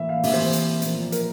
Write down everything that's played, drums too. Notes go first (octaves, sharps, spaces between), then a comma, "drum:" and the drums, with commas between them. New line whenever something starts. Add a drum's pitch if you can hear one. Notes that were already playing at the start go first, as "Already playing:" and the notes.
Already playing: A2 E3 A#3 E5
F5
C3 E3 A#3 E5, drum: open hi-hat
C5
drum: hi-hat
A#2 F3 A#3, drum: hi-hat
A#4, drum: hi-hat